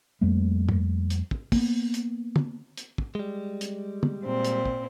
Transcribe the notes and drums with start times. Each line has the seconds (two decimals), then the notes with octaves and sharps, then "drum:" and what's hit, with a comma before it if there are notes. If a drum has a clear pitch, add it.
0.21 F2 G3 A3 A#3
0.69 drum: tom
1.10 drum: hi-hat
1.31 drum: kick
1.52 A#3 B3, drum: kick, open hi-hat
1.94 drum: hi-hat
2.36 drum: tom
2.77 drum: hi-hat
2.98 drum: kick
3.15 G3 G#3
3.61 drum: hi-hat
4.03 drum: tom
4.24 A#2 C4
4.45 drum: hi-hat
4.65 drum: kick